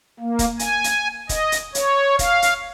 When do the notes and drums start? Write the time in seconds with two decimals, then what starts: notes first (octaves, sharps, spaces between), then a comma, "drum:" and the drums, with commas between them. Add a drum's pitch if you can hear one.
0.20 A#3
0.39 drum: kick, hi-hat
0.59 G#5, drum: hi-hat
0.84 drum: hi-hat
1.29 D#5, drum: kick, hi-hat
1.52 drum: hi-hat
1.75 C#5, drum: hi-hat
2.19 F5, drum: kick, hi-hat
2.42 drum: hi-hat